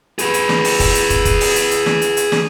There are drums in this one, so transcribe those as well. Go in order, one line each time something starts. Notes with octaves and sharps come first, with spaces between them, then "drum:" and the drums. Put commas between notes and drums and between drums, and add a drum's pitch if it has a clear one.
G#4 B4, drum: hi-hat
drum: hi-hat
drum: snare
drum: open hi-hat
drum: kick, open hi-hat
drum: hi-hat
drum: kick, hi-hat
drum: kick, hi-hat
drum: open hi-hat
drum: hi-hat
drum: hi-hat
drum: snare
drum: hi-hat
drum: hi-hat
drum: snare